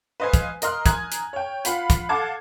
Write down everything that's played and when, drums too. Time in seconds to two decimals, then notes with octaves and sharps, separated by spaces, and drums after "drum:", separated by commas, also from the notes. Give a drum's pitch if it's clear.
0.20 B4 C5 D#5 F5 G#5
0.33 drum: kick, hi-hat
0.62 A#4 D#5 C6 F6 F#6, drum: hi-hat
0.86 G#5 A#5 D#6 F#6 G#6, drum: kick, hi-hat
1.12 drum: hi-hat
1.33 C#5 G5
1.65 F4 F5 F#5 B5, drum: hi-hat
1.90 drum: kick, hi-hat
2.09 A4 F5 F#5 A5 D6 G#6